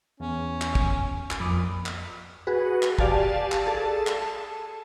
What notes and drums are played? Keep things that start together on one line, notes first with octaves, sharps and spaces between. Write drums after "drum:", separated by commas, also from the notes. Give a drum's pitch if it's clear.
E2 C#4
drum: clap
drum: kick
drum: clap
F2 A#2 B5 D6 D#6
drum: clap
F#4 G#4 B4
drum: clap
G4 D5 F5 G#5 A5, drum: kick
drum: clap
G#4 A4 A5
drum: clap